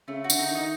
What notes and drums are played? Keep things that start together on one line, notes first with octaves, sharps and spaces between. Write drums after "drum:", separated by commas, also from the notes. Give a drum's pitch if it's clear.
C#3 A3
F#4
D3, drum: tambourine
D#4
D#3 D#4